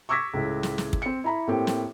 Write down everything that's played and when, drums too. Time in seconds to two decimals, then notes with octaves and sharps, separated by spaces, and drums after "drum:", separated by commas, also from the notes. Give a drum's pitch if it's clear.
0.09 C#6 D6 E6 G#6 A#6 B6
0.33 C#2 A2
0.63 drum: snare
0.78 drum: snare
0.93 drum: kick
1.02 C4 C#7
1.24 E4 A#5 B5
1.47 A2 A#3 C4 G4
1.67 drum: snare